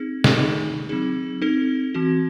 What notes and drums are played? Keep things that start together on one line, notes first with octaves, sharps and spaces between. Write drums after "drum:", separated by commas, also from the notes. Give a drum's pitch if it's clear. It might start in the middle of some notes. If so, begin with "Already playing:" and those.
Already playing: C4 D#4 G#4
drum: snare
D#3 A3 D#4 G#4
F#3 C4 D#4 G#4
C4 D#4 A4
E3 C4 F#4